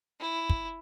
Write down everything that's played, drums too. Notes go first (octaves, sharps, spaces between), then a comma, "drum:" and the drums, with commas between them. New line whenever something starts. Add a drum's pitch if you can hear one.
E4
drum: kick